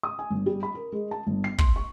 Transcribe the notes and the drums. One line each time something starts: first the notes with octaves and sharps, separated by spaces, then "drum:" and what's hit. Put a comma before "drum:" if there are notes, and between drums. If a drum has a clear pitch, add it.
D#6
G#5
G1
G3
B5
A#4
G#3
A5
G1
C7
C6, drum: kick
C#6